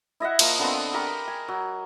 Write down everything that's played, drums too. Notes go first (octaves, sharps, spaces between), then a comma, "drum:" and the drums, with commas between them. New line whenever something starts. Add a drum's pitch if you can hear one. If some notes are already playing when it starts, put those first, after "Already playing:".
E4 D#5 E5 F#5
F3 A#3, drum: cymbal
D3 B3 C4
G4 A#4 B5 C#6
G#5
F#3